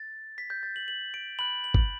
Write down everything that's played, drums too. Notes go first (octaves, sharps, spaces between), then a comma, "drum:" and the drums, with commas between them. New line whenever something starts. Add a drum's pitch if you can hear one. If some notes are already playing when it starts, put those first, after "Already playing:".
Already playing: A6
B6
G6
A6
F#7
F#7
D7
B5 F#6 F#7
F#7
drum: kick